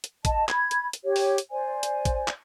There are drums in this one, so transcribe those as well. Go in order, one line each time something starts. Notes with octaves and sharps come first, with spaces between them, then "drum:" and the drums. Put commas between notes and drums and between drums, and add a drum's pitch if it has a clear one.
drum: hi-hat
D#5 A5, drum: kick A1, hi-hat
B5 G#6, drum: clap
drum: hi-hat
drum: hi-hat
G4 C#5
drum: open hi-hat
drum: hi-hat
C5 D5 G#5
drum: hi-hat
drum: kick A1, hi-hat
drum: clap